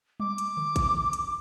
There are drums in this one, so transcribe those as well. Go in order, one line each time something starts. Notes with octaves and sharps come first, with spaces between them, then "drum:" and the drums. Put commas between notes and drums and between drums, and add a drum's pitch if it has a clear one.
D6, drum: tom G3
drum: hi-hat
drum: tom D3
drum: kick A1, hi-hat
drum: tom D3
drum: hi-hat